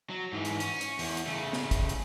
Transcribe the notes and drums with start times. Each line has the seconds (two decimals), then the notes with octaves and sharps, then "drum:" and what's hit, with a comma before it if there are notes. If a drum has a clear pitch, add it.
0.10 F#3
0.33 G#2 E3
0.45 drum: hi-hat
0.60 C#4, drum: hi-hat
0.81 drum: hi-hat
0.99 E2, drum: open hi-hat
1.17 drum: hi-hat
1.26 C#3 A3
1.53 drum: snare
1.71 drum: kick, hi-hat
1.89 drum: hi-hat